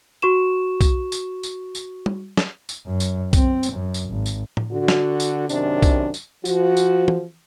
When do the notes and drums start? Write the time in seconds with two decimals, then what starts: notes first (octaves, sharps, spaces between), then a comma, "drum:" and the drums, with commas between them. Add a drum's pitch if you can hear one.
0.22 F#4 C#6 E7
0.81 drum: kick B1, tambourine
1.12 drum: tambourine
1.43 drum: tambourine
1.75 drum: tambourine
2.06 drum: tom
2.37 drum: snare
2.69 drum: tambourine
2.86 F#2
3.00 drum: tambourine
3.33 C4, drum: kick B1, tambourine
3.63 drum: tambourine
3.72 F#2
3.94 drum: tambourine
4.10 G#1
4.26 drum: tambourine
4.57 drum: tom A2
4.71 D3 F#4
4.88 drum: snare
5.20 drum: tambourine
5.49 F#2 C3 D#3 D4, drum: tambourine
5.82 drum: kick B1, tambourine
6.14 drum: tambourine
6.45 F3 F#4, drum: tambourine
6.77 drum: tambourine
7.08 drum: tom